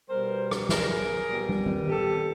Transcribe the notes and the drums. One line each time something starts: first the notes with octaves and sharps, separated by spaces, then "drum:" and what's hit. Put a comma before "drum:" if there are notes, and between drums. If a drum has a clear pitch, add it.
B2 G3 B3 A#4 C5
drum: rim click
G#4 A#4, drum: snare
A#2 G3 B3
drum: tom
drum: tom
G4 A4